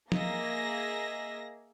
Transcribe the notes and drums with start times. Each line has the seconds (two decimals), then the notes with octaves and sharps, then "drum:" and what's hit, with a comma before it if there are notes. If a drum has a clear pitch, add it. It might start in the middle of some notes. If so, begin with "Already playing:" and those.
0.12 A#3 G#4 D#5 E5 A#6, drum: tom F3